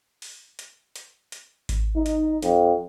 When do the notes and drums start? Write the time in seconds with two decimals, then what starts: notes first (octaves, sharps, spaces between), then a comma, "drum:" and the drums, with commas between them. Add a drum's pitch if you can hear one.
0.22 drum: open hi-hat
0.59 drum: hi-hat
0.96 drum: hi-hat
1.32 drum: hi-hat
1.69 drum: kick G#1, hi-hat
1.96 D#4
2.06 drum: hi-hat
2.42 F2, drum: hi-hat